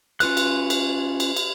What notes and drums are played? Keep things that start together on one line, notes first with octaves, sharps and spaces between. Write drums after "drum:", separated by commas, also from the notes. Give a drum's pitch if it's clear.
C#4 F4 B4 F#6, drum: cymbal
drum: cymbal
drum: cymbal
drum: cymbal
drum: cymbal